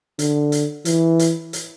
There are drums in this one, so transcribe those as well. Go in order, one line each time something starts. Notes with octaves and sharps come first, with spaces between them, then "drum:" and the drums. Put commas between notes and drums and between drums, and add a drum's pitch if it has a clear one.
D3, drum: hi-hat
drum: hi-hat
E3, drum: hi-hat
drum: hi-hat
drum: hi-hat